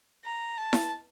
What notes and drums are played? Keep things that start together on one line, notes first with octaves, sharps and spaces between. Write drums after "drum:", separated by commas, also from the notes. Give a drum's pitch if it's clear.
A#5
A5
drum: snare E4